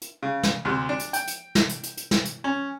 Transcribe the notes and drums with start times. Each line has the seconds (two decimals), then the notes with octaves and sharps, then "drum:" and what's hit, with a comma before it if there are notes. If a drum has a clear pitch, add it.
0.01 drum: hi-hat
0.23 C#3
0.43 drum: snare
0.65 D2 C3
0.89 D4
0.99 drum: hi-hat
1.13 G5, drum: hi-hat
1.27 drum: hi-hat
1.55 drum: snare
1.69 drum: hi-hat
1.83 drum: hi-hat
1.97 drum: hi-hat
2.11 drum: snare
2.25 drum: hi-hat
2.44 C#4